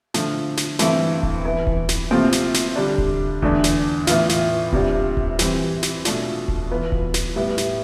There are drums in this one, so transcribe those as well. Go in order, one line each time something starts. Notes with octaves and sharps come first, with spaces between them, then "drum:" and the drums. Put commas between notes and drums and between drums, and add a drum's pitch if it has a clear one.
D3 F3 A3, drum: snare
drum: snare
G2 E3 A3 C4 E4, drum: snare
drum: kick D#1
E3 B3 E4
drum: kick D#1
drum: snare
C3 F3 A3 C4 F4, drum: tom A#3
drum: snare
drum: snare
D3 G3 D4
drum: kick D#1
E2 D3 A3 D4, drum: kick D#1
drum: snare
A2 E3 B3 F4, drum: snare
drum: snare
C3 G3 D4 F4, drum: kick D#1
drum: kick D#1
E3 G3 C4, drum: snare
drum: snare
B2 A3 D4 F4, drum: snare
drum: kick D#1
E3 B3 F4
drum: kick D#1
drum: snare
A2 G3 B3 E4
drum: snare